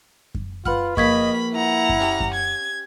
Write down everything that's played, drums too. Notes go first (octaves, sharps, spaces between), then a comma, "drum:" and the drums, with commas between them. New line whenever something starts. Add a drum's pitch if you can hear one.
drum: kick F#2
F4 B4 F#5 B5 F6, drum: kick F#2
A#1 A#3 D#5 B5 C#6 G#6 B6, drum: kick F#2
E4 F#5 A#5
drum: kick F#2
C#4 G4
drum: kick F#2
G#6